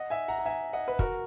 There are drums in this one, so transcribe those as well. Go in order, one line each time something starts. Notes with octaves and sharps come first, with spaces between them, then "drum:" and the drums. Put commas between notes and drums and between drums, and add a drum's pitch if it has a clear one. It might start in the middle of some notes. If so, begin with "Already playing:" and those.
Already playing: D#5 F#5
E5 G#5
F#5 A#5
A#5
E5 G#5
D#5 F#5
B4
F#4 A#4, drum: kick